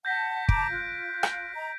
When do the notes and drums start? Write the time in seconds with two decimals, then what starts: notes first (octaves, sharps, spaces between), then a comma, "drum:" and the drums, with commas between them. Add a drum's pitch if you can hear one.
0.05 F#5 A5 G6 A#6 B6
0.49 A5 A#5 D6 D7, drum: kick
0.70 F4 F#6
1.23 drum: rim click
1.54 D#5 A#5